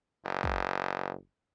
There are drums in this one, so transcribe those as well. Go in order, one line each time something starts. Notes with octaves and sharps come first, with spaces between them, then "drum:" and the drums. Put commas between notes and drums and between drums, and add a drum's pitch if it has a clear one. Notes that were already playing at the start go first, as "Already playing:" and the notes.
F#1
drum: kick